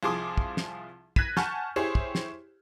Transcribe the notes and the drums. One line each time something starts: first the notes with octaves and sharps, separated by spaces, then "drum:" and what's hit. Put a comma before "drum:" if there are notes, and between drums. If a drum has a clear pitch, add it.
C2 F3 G#4 C6 D6 D#6
drum: kick
drum: snare
F#6 G#6 A#6 B6 D#7, drum: kick
F#5 G#5 A5 C#6 F6 G6, drum: snare
E4 G4 G#4 C5 C#5
drum: kick
drum: snare